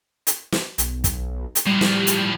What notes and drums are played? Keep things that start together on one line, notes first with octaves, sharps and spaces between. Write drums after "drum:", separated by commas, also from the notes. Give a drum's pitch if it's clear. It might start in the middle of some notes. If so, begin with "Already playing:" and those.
drum: hi-hat
drum: snare
B1, drum: hi-hat
drum: kick, hi-hat
drum: hi-hat
A2 F3 G3
drum: snare
drum: hi-hat